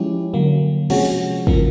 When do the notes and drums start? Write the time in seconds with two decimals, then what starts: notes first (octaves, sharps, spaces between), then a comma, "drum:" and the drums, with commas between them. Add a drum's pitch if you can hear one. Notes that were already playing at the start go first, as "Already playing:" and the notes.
Already playing: F3 G#3 C#4 E4 G4
0.33 D3 F#3 A#3
0.90 C3 F3 G#3 C#4 F#4, drum: cymbal
1.05 drum: open hi-hat
1.47 C#3 F3 A#3, drum: kick